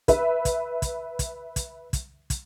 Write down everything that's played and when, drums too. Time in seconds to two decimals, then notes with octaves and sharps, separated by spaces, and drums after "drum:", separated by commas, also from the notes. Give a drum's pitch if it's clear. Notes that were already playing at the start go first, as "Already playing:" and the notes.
0.08 B4 E5, drum: kick, hi-hat
0.45 drum: kick, hi-hat
0.82 drum: kick, hi-hat
1.19 drum: kick, hi-hat
1.56 drum: kick, hi-hat
1.93 drum: kick, hi-hat
2.30 drum: kick, hi-hat